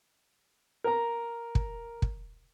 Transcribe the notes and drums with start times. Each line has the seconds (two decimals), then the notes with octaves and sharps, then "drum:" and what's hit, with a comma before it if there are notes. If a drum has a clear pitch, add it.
0.84 A#4 A#5
1.55 drum: kick
2.02 drum: kick